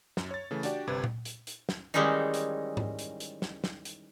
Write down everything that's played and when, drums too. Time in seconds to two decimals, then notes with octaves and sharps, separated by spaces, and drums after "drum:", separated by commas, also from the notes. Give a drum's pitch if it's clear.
0.17 F#2, drum: snare
0.31 C#5 A6
0.51 C#3 E3 A3
0.63 D4 F#4 G4 D5 G5, drum: hi-hat
0.87 G1 C3 B4 G#6
1.04 drum: tom A#2
1.25 drum: hi-hat
1.47 drum: hi-hat
1.69 drum: snare
1.94 D#3 E3 G3 G#3 C#4 D#4
2.34 drum: hi-hat
2.77 drum: tom G#2
2.99 drum: hi-hat
3.20 drum: hi-hat
3.42 drum: snare
3.64 drum: snare
3.85 drum: hi-hat